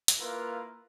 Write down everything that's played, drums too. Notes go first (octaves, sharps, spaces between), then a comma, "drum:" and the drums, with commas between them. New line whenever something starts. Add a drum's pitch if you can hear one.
drum: hi-hat
A#3 E4 F4 A#4 B4